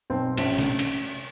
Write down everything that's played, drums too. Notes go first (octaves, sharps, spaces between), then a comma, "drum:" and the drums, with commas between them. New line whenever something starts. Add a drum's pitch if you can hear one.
B1 C4
A#1 C#4, drum: cymbal
drum: snare
drum: cymbal